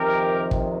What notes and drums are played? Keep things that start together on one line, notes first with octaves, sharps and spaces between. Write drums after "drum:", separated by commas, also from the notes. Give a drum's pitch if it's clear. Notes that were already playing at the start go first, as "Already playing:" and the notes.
Already playing: F2 C3 D#3 G4 A#4
drum: kick